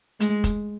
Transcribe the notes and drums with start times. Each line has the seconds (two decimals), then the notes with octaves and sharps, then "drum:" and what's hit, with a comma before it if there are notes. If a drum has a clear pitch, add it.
0.20 G#3, drum: hi-hat
0.44 drum: kick F1, hi-hat